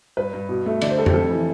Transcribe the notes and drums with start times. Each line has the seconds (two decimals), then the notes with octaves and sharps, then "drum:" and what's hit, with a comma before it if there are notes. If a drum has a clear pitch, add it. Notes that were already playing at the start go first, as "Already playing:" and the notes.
0.17 G2 B4
0.34 G2
0.49 B2
0.66 A3
0.81 D3 D5, drum: cymbal
0.90 C5
0.98 G3 A4
1.06 G4, drum: tom F2
1.14 F2 A4
1.31 E3